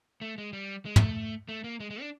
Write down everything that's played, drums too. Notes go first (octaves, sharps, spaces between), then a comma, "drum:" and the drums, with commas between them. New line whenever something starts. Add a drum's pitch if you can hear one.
A3
G#3
G3
G#3
A#3, drum: tom
A3
A3
A#3
G#3
G#3
D4